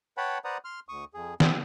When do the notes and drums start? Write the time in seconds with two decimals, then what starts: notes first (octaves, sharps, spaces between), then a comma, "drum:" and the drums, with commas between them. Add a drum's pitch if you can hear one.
0.17 B4 C#5 F#5 G5 A5 B5
0.44 B4 C5 D5 F#5 A#5 D#6
0.65 C6 F6
0.89 D2 C#6 D#6
1.14 F2 G#4
1.40 C4, drum: snare